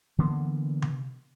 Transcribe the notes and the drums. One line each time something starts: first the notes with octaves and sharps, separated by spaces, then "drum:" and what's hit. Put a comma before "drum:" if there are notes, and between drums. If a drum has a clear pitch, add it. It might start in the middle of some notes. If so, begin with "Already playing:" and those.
D3 E3 A#3 B3
drum: tom C3